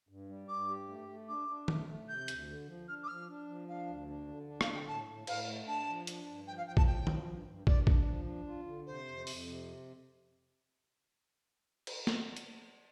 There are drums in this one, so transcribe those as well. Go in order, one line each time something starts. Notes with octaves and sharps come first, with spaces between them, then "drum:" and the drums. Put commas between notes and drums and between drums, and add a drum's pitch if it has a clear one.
G2
G3
G2 D6
G4
A3
A3
D4 D6
D4
A3, drum: tom
A3
C3 G6
D2, drum: hi-hat
D3
F3
D4 F6
D6
F3 F6
D4
F3
D4 F5
D2
D4
D3
D4
F5, drum: rim click
D3
G5
A2 A5
A2
A2 F5, drum: cymbal
A3
D4 A5
F3
D4, drum: hi-hat
G2
F3 G5
F5
F3 G5
A5, drum: kick
A2 G5
F3, drum: tom
G2
G2
G2 D5, drum: kick
D4, drum: kick
F3
D4
F4
D3
C3 C5
F2
F2, drum: open hi-hat
C3
drum: cymbal
drum: snare
drum: hi-hat